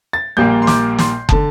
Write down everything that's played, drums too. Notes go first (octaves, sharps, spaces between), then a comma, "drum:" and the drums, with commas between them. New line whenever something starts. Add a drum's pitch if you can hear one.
A6
A#1 A#2 G3 A#3 G6
C6
D6, drum: snare
C6, drum: snare
D3 A5, drum: kick